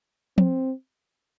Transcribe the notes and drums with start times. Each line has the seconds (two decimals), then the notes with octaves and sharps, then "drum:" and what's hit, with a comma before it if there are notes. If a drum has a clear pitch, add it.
0.38 C4, drum: tom F3